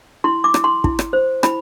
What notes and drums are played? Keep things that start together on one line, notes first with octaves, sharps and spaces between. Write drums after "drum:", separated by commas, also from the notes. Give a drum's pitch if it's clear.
E4 C6
D6
E4, drum: rim click
C6
E4, drum: kick
drum: rim click
C5
E4 B5, drum: rim click